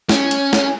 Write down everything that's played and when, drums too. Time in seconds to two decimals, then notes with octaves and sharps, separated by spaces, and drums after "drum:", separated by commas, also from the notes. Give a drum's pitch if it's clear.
0.09 C#4, drum: snare
0.31 drum: cymbal
0.53 drum: snare